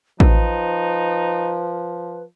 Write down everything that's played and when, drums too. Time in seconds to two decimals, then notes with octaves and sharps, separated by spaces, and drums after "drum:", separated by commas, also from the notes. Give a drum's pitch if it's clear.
0.20 F3 D#4 B4, drum: kick A1